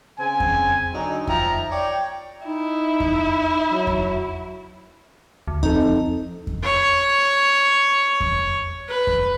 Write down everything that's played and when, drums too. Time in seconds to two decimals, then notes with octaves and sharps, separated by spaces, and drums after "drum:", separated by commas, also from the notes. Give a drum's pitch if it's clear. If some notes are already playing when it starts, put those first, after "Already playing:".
0.18 C#3 C4 G#5
0.40 drum: kick F2
0.93 D3 F#3 D#4
1.27 F3 D#4 E5 G5 A#5, drum: kick F2
1.71 C#5 D5 G5
2.47 D#4 E4
3.00 drum: kick F2
3.71 F#3
3.87 drum: kick F2
5.48 D2
5.63 F3 C4 D#4 A4, drum: kick F2
6.47 drum: kick F2
6.63 C#5
8.20 drum: kick F2
8.88 B4
9.07 drum: kick F2